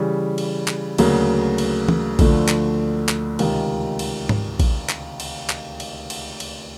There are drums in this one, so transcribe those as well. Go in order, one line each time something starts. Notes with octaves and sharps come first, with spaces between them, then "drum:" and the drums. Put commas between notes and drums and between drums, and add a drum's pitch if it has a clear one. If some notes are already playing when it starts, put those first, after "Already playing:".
Already playing: C#3 E3 G3
drum: cymbal
drum: clap
D2 C#3 F#3 A#3, drum: cymbal
drum: cymbal
drum: tom E3
D2 D3 F3 A3, drum: kick A#1, cymbal
drum: clap
drum: clap
C#2 C3 D#3, drum: cymbal
drum: cymbal
drum: tom G#2
drum: kick A#1, cymbal
drum: clap
drum: cymbal
drum: clap
drum: cymbal
drum: cymbal
drum: cymbal